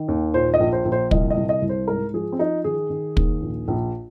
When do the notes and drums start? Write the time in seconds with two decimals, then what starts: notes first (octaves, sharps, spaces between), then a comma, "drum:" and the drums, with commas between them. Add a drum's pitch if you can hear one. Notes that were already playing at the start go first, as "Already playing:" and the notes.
Already playing: D#3
0.08 D#2
0.34 A#2 C5
0.54 D#5
0.60 A#1
0.73 C5
0.85 A#1
0.92 C5
1.11 C2 D#5, drum: kick
1.30 D#5
1.37 C2
1.49 D#5
1.62 C2
1.69 C5
1.88 G#2 A#4
2.14 F3 G#4
2.32 C4
2.39 F3 D#4
2.64 D#3 G#4
2.90 D#3
3.17 D#2, drum: kick
3.42 A#1
3.68 A#1